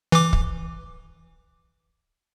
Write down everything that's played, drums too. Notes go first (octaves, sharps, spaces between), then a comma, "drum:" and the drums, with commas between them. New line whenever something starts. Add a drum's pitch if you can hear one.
E3 D6
drum: kick